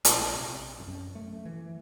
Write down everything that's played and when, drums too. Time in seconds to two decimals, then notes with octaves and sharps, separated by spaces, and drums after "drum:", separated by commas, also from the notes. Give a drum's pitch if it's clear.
0.05 A#1, drum: hi-hat
0.35 C3
0.80 F#2
1.15 A3
1.45 E3